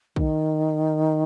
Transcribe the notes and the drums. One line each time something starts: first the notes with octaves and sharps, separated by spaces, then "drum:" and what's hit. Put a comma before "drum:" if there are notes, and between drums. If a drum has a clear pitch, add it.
D#3, drum: kick